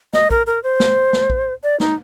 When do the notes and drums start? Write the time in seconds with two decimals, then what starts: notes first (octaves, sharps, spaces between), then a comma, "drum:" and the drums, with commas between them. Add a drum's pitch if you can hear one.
0.13 D#5, drum: snare
0.31 A#4, drum: kick A#1
0.47 A#4
0.63 C5
0.80 drum: snare
1.13 drum: snare
1.30 drum: kick A#1
1.63 D5
1.80 D#4, drum: snare